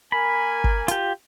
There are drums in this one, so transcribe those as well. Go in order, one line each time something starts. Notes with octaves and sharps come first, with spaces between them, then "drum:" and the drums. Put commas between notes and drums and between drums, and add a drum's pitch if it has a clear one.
A#3 A#4 G#5 B5
drum: kick G1
F4 G4, drum: hi-hat